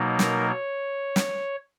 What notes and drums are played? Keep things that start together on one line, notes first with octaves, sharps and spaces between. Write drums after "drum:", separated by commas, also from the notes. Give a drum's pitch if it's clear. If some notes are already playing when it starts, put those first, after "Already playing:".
Already playing: B2 F#3 A#3 D#4
A#4, drum: snare
C#5
drum: snare